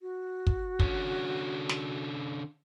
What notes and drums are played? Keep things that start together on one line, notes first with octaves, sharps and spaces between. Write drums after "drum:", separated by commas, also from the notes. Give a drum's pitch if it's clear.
F#4
drum: kick
D3 C#4, drum: kick
drum: snare